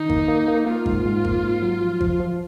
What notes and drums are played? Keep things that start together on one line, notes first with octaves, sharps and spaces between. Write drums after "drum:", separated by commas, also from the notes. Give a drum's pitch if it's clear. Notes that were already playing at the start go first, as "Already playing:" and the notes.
Already playing: D#3 D#4
A#3, drum: kick G#1
A#3
A#3
A#3 F4
G#2, drum: kick G#1
G#2
A#3, drum: kick G#1
G#2
F#3
F3
F3, drum: kick G#1
F3